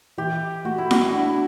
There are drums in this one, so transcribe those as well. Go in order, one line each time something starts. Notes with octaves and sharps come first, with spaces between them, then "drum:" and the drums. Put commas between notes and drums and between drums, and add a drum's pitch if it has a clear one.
E3 G4
A3 F#4
E4
F#4, drum: snare E4
D4 E4